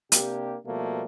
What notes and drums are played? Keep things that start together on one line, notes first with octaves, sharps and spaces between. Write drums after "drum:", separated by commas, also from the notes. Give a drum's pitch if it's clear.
C3 A#3 D4 G4, drum: hi-hat
B2 F3 G3 A3 A#3